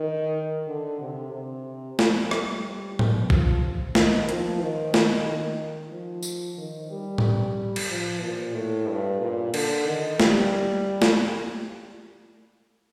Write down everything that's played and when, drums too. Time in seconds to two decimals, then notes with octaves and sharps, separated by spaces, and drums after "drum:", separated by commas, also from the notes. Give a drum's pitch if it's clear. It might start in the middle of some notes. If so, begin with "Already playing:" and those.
Already playing: D#3
0.67 D3
1.00 C3
1.33 C3
1.99 F3, drum: snare
2.31 G3, drum: rim click
2.99 drum: tom A2
3.30 F3, drum: kick
3.95 D#3, drum: snare
4.29 F3, drum: hi-hat
4.61 D#3
4.94 D#3, drum: snare
5.92 F3
6.22 drum: tambourine
6.58 D#3
6.91 G3
7.18 drum: tom A2
7.76 drum: cymbal
7.90 F3
8.22 A#2
8.55 A2
8.88 G2
9.21 A#2
9.54 D3, drum: cymbal
9.86 D#3
10.20 G3, drum: snare
11.02 drum: snare